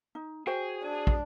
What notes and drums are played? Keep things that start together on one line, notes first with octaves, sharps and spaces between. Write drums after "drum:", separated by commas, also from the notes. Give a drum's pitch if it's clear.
D#4
F#4 G#4 C5 G5
D4
drum: kick